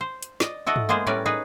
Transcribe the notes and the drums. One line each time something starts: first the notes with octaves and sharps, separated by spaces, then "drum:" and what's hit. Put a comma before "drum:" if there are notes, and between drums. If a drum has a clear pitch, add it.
C5
drum: hi-hat
D5 D#5, drum: snare
E4 F#4 A4 D#5
drum: tom
G#3 A#3 B3 G#4 C5
A2 G3 C#4 A#4 B4 D5
D#4 G#4 B4